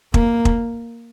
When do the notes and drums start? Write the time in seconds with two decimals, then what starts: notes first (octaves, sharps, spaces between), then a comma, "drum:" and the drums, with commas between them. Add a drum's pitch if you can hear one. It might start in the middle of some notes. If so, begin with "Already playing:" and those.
0.14 A#3, drum: kick
0.45 drum: kick